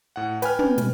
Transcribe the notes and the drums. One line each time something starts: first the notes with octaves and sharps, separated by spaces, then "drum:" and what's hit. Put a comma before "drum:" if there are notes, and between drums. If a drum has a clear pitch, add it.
A2 F#5
B4 G5 G#5 F6, drum: hi-hat
drum: tom
B2, drum: hi-hat